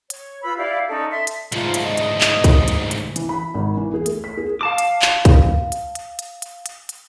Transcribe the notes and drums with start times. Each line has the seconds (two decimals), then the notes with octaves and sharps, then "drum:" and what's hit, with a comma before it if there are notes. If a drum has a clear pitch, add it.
0.10 C#5, drum: hi-hat
0.42 F4 B4 B5 E6
0.57 E4 G4 D5 F5
0.88 C#4 D#4 A4 D5
1.10 E5 A5 C6
1.27 drum: hi-hat
1.52 D2 G#2 F4, drum: hi-hat
1.74 drum: hi-hat
1.83 D#5
1.97 drum: hi-hat
2.21 drum: clap
2.44 drum: kick, hi-hat
2.68 drum: hi-hat
2.91 drum: hi-hat
3.16 E3, drum: hi-hat
3.29 B5
3.54 G#1
3.77 E3
3.94 G#4
4.06 A3, drum: hi-hat
4.24 B6
4.38 G#4
4.61 F5 A5 D6
4.78 drum: hi-hat
5.02 drum: clap
5.25 drum: kick, hi-hat
5.72 drum: hi-hat
5.95 drum: hi-hat
6.19 drum: hi-hat
6.42 drum: hi-hat
6.66 drum: hi-hat
6.89 drum: hi-hat